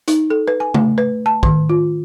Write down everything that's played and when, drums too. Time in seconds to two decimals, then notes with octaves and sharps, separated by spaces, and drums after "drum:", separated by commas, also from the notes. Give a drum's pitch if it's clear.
0.08 D#4, drum: hi-hat
0.30 A4
0.48 B4
0.60 G#5
0.74 A3, drum: tom C#3
0.98 B4
1.26 A5
1.43 D#3, drum: kick
1.69 F4